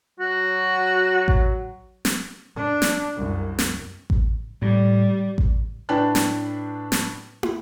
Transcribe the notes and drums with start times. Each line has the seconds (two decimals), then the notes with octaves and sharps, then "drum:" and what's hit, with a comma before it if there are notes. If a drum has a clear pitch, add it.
0.20 F#3 F#4
1.28 drum: kick A1
2.05 drum: snare
2.56 D4
2.82 drum: snare
3.16 C2 F#2
3.59 drum: snare
4.10 drum: kick A1
4.62 A2 G3
5.38 drum: kick A1
5.89 A2 D4 B4 G5 A5 F#6
6.15 drum: snare
6.92 drum: snare
7.43 drum: tom